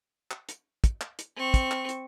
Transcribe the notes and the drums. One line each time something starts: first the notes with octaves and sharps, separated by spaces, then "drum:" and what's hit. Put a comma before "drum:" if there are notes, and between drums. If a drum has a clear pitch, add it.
drum: clap
drum: hi-hat
drum: kick, hi-hat
drum: clap
drum: hi-hat
C4 C#6
drum: kick, hi-hat
drum: clap
drum: hi-hat